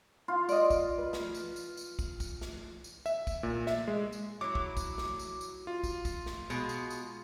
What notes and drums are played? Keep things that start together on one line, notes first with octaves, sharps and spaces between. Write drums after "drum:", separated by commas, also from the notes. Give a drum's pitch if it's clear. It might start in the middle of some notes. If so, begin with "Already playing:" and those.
F4
D5 D#5, drum: tambourine
drum: kick, tambourine
B4
drum: snare
drum: tambourine
drum: tambourine
drum: tambourine
drum: kick, tambourine
drum: kick, tambourine
drum: snare
drum: tambourine
E5, drum: tambourine
drum: kick, tambourine
A#2
E5, drum: snare
G#3
drum: tambourine
F#3 E4 D6
drum: kick
drum: kick, tambourine
drum: snare
drum: tambourine
drum: tambourine
F4
drum: kick, tambourine
drum: kick, tambourine
drum: snare
B2 G#3, drum: tambourine
drum: tambourine
drum: tambourine